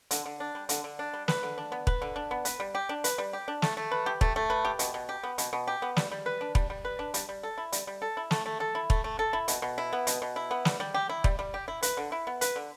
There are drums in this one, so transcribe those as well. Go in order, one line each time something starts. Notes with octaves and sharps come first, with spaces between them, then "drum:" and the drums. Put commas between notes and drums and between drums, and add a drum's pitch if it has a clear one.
D3, drum: hi-hat
D3
D4
G3
D3, drum: hi-hat
D3
D4
G3
B4, drum: snare
D3
D4
B3
B4, drum: kick
D3
D4
B3
B4, drum: hi-hat
G3
G4
D4
B4, drum: hi-hat
G3
G4
D4
A3, drum: snare
A3
B4
G4
A3, drum: kick
A3
B4
G4
B2, drum: hi-hat
B2
G4
B3
B2, drum: hi-hat
B2
G4
B3
G3, drum: snare
G3
B4
D4
G3, drum: kick
G3
B4
D4
G3, drum: hi-hat
G3
A4
E4
G3, drum: hi-hat
G3
A4
E4
A3, drum: snare
A3
A4
E4
A3, drum: kick
A3
A4
E4
B2, drum: hi-hat
B2
E4
B3
B2, drum: hi-hat
B2
E4
B3
G3, drum: snare
G3
G4
E4
G3, drum: kick
G3
G4
E4
B4, drum: hi-hat
D3
E4
B3
B4, drum: hi-hat
D3